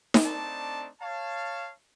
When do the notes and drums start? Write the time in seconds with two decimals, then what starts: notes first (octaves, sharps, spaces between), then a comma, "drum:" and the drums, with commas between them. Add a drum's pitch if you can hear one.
0.14 drum: snare D#4
0.24 A3 C4 D4 D#4 D5 A5
1.01 C#5 F5 A5